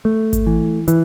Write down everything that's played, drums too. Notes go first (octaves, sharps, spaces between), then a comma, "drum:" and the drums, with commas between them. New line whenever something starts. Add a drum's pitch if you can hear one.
A3
drum: kick G#1, hi-hat
E3
E3, drum: hi-hat